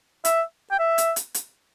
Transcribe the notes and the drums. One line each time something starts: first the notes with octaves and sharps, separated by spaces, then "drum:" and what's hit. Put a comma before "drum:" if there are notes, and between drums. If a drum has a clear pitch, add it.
E5, drum: hi-hat
G5
E5
drum: hi-hat
drum: hi-hat
drum: hi-hat